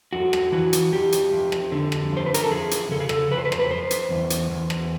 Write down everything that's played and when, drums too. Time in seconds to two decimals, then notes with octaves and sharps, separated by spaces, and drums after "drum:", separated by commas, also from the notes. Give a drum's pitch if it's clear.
0.13 F2 F#4
0.33 drum: rim click
0.52 E3 F#4
0.73 drum: hi-hat
0.92 F2 G4
1.12 drum: hi-hat
1.32 F2
1.52 drum: rim click
1.72 D3
1.92 drum: rim click
2.12 F2 C5
2.26 B4
2.34 A#4, drum: hi-hat
2.43 A4
2.51 F2 G#4
2.71 drum: hi-hat
2.91 C#3 A4
3.00 G#4
3.09 A4, drum: rim click
3.31 F2 B4
3.38 C5
3.45 B4
3.52 C5, drum: rim click
3.59 B4
3.70 F2 C5
3.91 drum: hi-hat
4.11 E2
4.30 drum: hi-hat
4.50 E2
4.70 drum: rim click